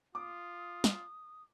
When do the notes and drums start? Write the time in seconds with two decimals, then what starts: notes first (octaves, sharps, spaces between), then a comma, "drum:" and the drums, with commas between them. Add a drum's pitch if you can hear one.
0.15 F4 D6 D#6
0.84 drum: snare